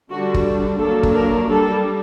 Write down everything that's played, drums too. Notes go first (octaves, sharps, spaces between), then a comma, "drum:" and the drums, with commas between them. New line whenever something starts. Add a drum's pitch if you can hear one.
D3 G3 D4 F#4
drum: kick
F#3 A#3 D4 A4
drum: kick
A#4
G3 D4 A4